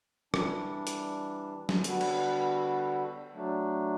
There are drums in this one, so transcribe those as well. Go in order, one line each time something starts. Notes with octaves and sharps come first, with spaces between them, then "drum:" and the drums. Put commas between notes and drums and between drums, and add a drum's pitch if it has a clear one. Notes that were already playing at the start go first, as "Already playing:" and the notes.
E3 G3 D4, drum: rim click
drum: hi-hat
drum: snare
D3 G3 B3 F#4 A4, drum: hi-hat
drum: cymbal
F#3 A3 D4